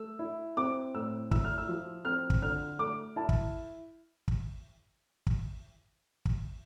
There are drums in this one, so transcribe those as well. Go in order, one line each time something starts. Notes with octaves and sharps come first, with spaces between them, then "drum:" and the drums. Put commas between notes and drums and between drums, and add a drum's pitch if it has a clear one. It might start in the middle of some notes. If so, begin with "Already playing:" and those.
Already playing: A3 E6
E4
C4 D6
A2 E6
E4 E6, drum: kick
F6
E6
F3
C4 F6
drum: kick
D3 F6
A3 D6
E4 A5
drum: kick
drum: kick
drum: kick
drum: kick